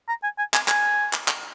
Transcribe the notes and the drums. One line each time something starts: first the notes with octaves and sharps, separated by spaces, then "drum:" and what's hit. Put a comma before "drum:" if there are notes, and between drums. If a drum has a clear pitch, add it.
A#5
G#5
G#5
G#5, drum: clap
G#5, drum: clap
drum: clap
drum: clap